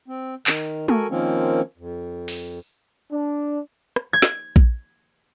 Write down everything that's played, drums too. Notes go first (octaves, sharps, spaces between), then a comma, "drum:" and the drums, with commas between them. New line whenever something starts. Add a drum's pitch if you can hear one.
C4
D#3, drum: clap
F#4 A4 A#4 G#5, drum: tom G#3
D#3 F3 A#3 C4 C#4
F2
drum: open hi-hat
D4
drum: rim click
G#6
drum: snare
drum: kick A#1